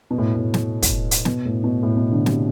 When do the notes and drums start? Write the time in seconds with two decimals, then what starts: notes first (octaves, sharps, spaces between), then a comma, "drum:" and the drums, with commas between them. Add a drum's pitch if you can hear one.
0.11 B2
0.18 A2
0.35 A2
0.54 drum: snare
0.82 drum: kick, hi-hat
1.11 drum: hi-hat
1.25 B2, drum: snare
1.45 A2
1.64 B2
1.83 A2
1.97 B2
2.12 D3
2.26 C3, drum: snare